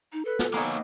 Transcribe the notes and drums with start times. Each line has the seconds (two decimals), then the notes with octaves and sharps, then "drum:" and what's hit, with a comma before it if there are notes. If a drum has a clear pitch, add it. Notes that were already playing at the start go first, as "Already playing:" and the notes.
0.13 D#4
0.25 A4 B4
0.39 drum: snare
0.54 A#3 B3 D#4 C#5 G#5